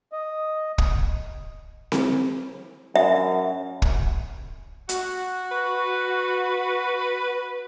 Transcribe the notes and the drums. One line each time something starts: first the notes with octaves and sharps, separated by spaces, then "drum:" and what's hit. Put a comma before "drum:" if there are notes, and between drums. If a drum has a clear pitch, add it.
D#5
drum: kick
drum: snare C4
F#2 E5
drum: kick
F#4, drum: hi-hat
B4